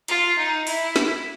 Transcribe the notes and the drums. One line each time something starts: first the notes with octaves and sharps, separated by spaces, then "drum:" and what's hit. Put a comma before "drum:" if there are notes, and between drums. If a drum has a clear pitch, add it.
F4, drum: hi-hat
D#4
E4, drum: open hi-hat
drum: snare